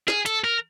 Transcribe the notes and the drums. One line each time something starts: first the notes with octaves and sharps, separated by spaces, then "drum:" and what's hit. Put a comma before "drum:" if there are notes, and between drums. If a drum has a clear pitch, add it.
G#4, drum: snare
A4, drum: hi-hat
A#4